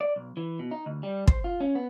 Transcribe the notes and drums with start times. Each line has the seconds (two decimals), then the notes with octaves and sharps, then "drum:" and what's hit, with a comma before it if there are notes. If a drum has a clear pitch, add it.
0.01 D5
0.16 B1
0.37 E3
0.59 B2
0.71 D#4
0.86 D2
1.03 G3
1.27 C5, drum: kick
1.44 F4
1.60 C#4
1.75 B3